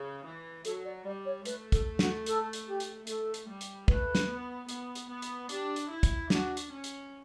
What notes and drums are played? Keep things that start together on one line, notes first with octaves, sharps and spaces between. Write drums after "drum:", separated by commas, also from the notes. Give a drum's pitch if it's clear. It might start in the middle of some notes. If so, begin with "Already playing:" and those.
Already playing: C#3
E3
F#3 A4, drum: hi-hat
D5
G3 D5
C#5
A3 B4, drum: hi-hat
A4, drum: kick, hi-hat
F#4, drum: snare
A4, drum: hi-hat
drum: hi-hat
G4
drum: hi-hat
A3 A4, drum: hi-hat
drum: hi-hat
G3
drum: hi-hat
A3 B4, drum: kick
drum: snare
B3
B3, drum: hi-hat
drum: hi-hat
B3
drum: hi-hat
D4 G4, drum: hi-hat
drum: hi-hat
E4
drum: kick, hi-hat
D4 F#4, drum: snare
drum: hi-hat
C#4
drum: hi-hat